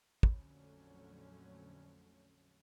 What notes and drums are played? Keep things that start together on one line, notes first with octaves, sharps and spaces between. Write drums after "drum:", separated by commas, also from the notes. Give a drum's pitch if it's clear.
A#1 F2 D3 F#3 A3 C#4, drum: kick